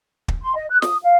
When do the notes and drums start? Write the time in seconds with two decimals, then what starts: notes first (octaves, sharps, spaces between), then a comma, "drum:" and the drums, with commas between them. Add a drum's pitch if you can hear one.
0.28 drum: kick
0.43 C6
0.56 D#5
0.70 F#6
0.82 D#6, drum: snare
1.03 F5